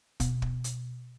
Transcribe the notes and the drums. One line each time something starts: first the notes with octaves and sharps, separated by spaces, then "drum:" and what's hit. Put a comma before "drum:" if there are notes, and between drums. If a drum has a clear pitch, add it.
B2, drum: kick, hi-hat
drum: kick
drum: hi-hat